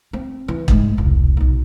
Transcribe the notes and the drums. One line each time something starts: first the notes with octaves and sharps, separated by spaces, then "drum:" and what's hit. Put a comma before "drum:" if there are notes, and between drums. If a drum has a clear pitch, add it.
C4
E3
G#2 G#3, drum: kick
E1 C2
B1 D#4